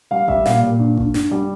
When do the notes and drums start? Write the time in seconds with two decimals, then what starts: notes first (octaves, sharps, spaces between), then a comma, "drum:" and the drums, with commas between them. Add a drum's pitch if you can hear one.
0.11 G3 F5
0.28 G3 E5, drum: kick A1
0.46 A#2 F5, drum: snare
0.62 A#2
0.79 G2
0.97 G2, drum: kick A1
1.14 G2, drum: snare
1.31 G3